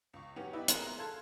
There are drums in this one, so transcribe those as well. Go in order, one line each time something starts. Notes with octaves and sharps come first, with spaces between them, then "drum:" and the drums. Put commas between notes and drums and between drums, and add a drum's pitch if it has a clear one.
C#2 C#6
F#3 B3 C#4 G4 F#5
D#4 E4 G4 B4 D5 E5
G#4 A#4 G#5 A#5 C6 F#6, drum: hi-hat
A4 F5 A5 C6 G#6